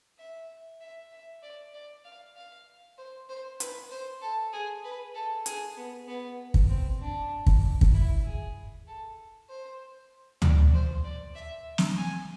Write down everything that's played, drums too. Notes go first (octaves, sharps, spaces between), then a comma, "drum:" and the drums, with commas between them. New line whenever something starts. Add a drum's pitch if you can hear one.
E5
E5
E5
D5
D5
F5
F5
C5
C5
B4, drum: hi-hat
C5
A4
G#4
B4
A4
G#4, drum: hi-hat
B3
B3
drum: kick
C4
D4
drum: kick
drum: kick
E4
G#4
A4
C5
D5, drum: tom D2
C5
D5
E5
drum: snare
G#5